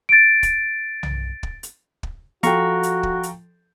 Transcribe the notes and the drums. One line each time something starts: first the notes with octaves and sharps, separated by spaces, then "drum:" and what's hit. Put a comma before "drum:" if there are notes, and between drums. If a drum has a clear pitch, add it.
A6 D7
drum: kick, hi-hat
drum: tom B1
drum: kick
drum: hi-hat
drum: kick
F3 F#4 A4 F5 G5 A#5 C#6, drum: hi-hat
drum: hi-hat
drum: kick
drum: hi-hat